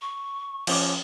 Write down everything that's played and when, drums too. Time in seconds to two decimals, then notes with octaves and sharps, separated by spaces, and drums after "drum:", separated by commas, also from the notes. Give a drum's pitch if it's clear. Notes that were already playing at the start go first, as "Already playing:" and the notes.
0.01 C#6
0.67 F3 C#4 D6, drum: cymbal